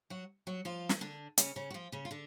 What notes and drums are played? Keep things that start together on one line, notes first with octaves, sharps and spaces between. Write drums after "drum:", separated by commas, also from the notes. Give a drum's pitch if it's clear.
F#3 F#4
F#3 F#4
F3 F4
drum: snare
D3 D4
C#3 C#4, drum: hi-hat
C#3 C#4
F#4
F3 F4
C#3 C#4
F4
D3 D4